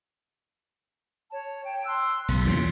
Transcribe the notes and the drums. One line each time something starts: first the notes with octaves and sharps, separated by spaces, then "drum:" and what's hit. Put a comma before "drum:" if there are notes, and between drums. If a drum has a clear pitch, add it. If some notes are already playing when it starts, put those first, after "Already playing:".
C#5 A5
G5 A5
C6 E6 F#6
B1 C6, drum: cymbal
E2 A#2 C#3